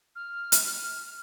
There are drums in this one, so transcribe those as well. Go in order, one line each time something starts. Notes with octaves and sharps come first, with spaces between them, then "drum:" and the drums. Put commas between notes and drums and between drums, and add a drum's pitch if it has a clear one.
F6
drum: hi-hat